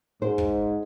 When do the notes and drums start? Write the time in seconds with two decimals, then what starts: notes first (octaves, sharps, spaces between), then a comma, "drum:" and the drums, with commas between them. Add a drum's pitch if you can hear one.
0.22 G#2 C5
0.38 drum: kick